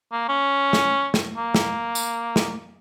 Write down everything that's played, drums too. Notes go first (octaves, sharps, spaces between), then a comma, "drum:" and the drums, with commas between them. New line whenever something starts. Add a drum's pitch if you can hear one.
A#3
C#4
drum: snare
drum: snare
A#3
drum: snare
drum: tambourine
drum: snare